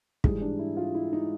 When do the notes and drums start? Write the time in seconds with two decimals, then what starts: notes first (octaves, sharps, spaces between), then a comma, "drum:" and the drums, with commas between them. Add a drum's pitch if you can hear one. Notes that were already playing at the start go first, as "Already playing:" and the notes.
0.24 G#2 E3 G3 G#4, drum: kick
0.42 D4
0.59 E4
0.77 F4
0.95 E4
1.13 D#4